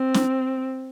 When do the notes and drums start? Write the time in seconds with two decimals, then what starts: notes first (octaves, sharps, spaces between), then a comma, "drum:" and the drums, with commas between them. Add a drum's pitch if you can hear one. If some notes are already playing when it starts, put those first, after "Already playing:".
Already playing: C4
0.14 drum: snare